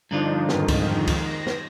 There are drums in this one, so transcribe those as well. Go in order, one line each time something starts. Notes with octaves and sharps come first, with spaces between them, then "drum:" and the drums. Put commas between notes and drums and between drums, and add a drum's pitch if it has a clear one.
G2 D3 F3 D4 D#4 F4
F2 G#2 D#3, drum: snare
drum: kick C#2, cymbal
drum: kick C#2, cymbal
A#6
drum: snare